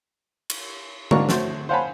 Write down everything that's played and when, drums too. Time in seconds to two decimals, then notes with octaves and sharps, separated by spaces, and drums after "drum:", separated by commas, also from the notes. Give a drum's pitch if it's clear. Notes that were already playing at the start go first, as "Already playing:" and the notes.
0.50 drum: cymbal
1.11 G#2 D4 F#4 A#4 F5 C#6, drum: tom D3
1.29 A3 F#4 C5 C#5, drum: snare
1.69 C5 F5 F#5 G#5 A5 B5